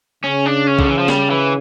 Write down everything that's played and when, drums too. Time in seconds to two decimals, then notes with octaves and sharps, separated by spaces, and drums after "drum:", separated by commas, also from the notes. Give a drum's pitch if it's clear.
0.24 C#3 C#4
0.46 D4
0.67 C#4
0.79 D3, drum: kick B1
0.89 E3
0.98 F3
1.08 G3, drum: snare
1.30 E3